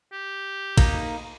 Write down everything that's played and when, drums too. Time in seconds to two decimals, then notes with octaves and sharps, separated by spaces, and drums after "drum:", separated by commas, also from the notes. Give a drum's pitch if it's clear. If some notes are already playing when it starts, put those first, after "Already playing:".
0.12 G4
0.78 A#3 D#4, drum: kick, cymbal